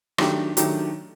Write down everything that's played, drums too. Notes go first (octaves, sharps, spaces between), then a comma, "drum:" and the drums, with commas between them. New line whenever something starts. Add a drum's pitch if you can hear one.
D#3 F#3 A3 D4 G4, drum: rim click
D#3 F#3 A3 D4 G4, drum: hi-hat